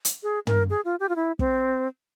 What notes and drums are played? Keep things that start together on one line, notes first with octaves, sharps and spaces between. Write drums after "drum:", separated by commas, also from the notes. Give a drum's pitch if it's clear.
drum: hi-hat
G#4
A#4, drum: tom
G#4
F4
G4
F4
E4
C4, drum: kick